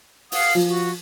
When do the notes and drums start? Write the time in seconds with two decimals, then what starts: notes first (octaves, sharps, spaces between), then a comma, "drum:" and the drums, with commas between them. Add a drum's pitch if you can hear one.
0.32 F5 F#5 D#6, drum: open hi-hat
0.55 F3
0.67 F#4